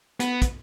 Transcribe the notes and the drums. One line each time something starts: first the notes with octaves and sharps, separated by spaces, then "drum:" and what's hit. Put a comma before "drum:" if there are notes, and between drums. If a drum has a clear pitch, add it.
B3, drum: hi-hat
drum: kick, hi-hat